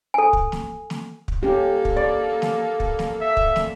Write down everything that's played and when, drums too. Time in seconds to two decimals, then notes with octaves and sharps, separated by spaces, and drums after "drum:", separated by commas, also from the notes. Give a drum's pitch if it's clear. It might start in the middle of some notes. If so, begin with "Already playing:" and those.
0.14 A4 G#5
0.33 drum: kick
0.52 drum: snare
0.90 drum: snare
1.28 drum: kick
1.43 A#3 C#4 G4 A4
1.85 drum: kick
1.96 D5
2.42 drum: snare
2.80 drum: kick
2.99 drum: snare
3.21 E5
3.37 drum: kick
3.56 drum: snare